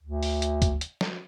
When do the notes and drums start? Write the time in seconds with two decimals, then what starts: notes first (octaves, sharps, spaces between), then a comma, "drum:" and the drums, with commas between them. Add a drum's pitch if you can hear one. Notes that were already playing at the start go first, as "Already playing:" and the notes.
0.03 D2
0.23 drum: open hi-hat
0.42 drum: hi-hat
0.62 drum: kick C#2, hi-hat
0.81 drum: hi-hat
1.01 drum: snare